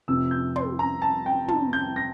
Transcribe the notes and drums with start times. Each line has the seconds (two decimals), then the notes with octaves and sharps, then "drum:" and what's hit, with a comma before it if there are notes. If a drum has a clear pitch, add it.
0.08 F1 F2 C3 E6
0.31 G6
0.56 C6, drum: tom
0.79 A#5
1.02 A5
1.26 G5
1.48 A5, drum: tom
1.73 G6
1.96 A#6